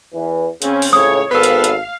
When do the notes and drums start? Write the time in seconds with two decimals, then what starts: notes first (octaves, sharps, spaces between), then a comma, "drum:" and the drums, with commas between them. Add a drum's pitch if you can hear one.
0.14 E2 E3
0.62 C#3 C4 C#4, drum: hi-hat
0.82 drum: open hi-hat
0.93 C#2 A2 C#3 C#5 D#6
1.32 G#1 B3 A4 B4 F5
1.43 drum: hi-hat
1.64 drum: hi-hat